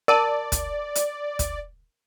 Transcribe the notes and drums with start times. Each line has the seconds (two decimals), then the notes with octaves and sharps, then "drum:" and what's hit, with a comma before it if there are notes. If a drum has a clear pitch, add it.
0.08 A#4 D5 A5
0.52 drum: kick, hi-hat
0.95 drum: hi-hat
1.39 drum: kick, hi-hat